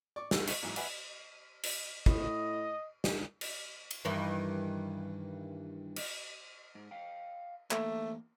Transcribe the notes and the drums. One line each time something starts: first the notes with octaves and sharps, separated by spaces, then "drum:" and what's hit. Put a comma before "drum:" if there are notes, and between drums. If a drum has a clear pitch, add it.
D5 C#6 D6
B1 E6, drum: snare
C#6, drum: cymbal
A1 G#2 E3 F#3
B4 E5 F#5 G#5, drum: cymbal
drum: cymbal
A2 D#5, drum: kick
drum: snare
drum: cymbal
drum: cymbal
G2 D#3 E3
drum: cymbal
G#2
F5 G5
E2 A3 A#3, drum: clap